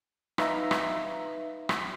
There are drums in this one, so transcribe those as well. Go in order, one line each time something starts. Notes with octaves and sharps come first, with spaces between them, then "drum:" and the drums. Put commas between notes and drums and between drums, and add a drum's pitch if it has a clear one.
D#4 B4 E5 F5 A#5, drum: rim click
drum: rim click
drum: rim click